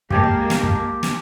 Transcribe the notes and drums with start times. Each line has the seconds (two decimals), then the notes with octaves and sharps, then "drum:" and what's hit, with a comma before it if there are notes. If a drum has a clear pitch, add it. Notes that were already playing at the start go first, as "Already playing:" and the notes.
0.10 G#3 A#3 G4 G#5 A5, drum: kick
0.24 drum: kick
0.50 drum: snare
0.63 drum: kick
1.03 drum: snare